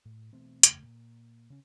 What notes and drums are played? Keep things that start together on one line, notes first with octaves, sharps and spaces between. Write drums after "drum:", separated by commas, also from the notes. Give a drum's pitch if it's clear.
A2
B2 E3 A3 C4
F#1 E2 C#3 A3, drum: hi-hat
A#2
C#3 C#4